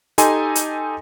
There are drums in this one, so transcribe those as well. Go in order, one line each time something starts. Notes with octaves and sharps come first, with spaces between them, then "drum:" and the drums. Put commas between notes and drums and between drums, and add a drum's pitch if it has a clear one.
D#4 G4 A4 D#5 G#5 C6, drum: hi-hat
drum: hi-hat